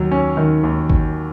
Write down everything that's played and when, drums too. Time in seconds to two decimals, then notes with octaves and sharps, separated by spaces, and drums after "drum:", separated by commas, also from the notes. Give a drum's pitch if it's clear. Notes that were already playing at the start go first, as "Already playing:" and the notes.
Already playing: D#2 F#3
0.12 C#4
0.37 D#3
0.63 D#2
0.90 drum: kick